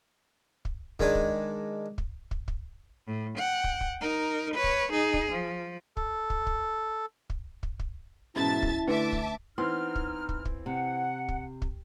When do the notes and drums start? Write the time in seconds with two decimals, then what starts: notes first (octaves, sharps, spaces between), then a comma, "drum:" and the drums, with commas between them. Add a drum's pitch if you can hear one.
0.65 drum: kick
0.99 D#3 G#3 D4 G#5, drum: kick
1.15 drum: kick
1.98 drum: kick
2.31 drum: kick
2.48 drum: kick
3.07 A2
3.38 F#5 G5
3.64 drum: kick
3.81 drum: kick
4.01 D#4 A#4
4.54 B4 C#5
4.64 drum: kick
4.92 D#4 G#4
5.14 drum: kick
5.31 F3
5.97 A4, drum: kick
6.30 drum: kick
6.47 drum: kick
7.30 drum: kick
7.63 drum: kick
7.79 drum: kick
8.36 G#2 B2 E3 C#4 E4 E5 A5 A6
8.63 drum: kick
8.88 D3 A3 D4 B4 E5 A5 D6
9.12 drum: kick
9.58 E3 B3 C4 D#4 C6 F6
9.96 drum: kick
10.29 drum: kick
10.45 drum: kick
10.66 C3 F#5
11.28 drum: kick
11.62 drum: kick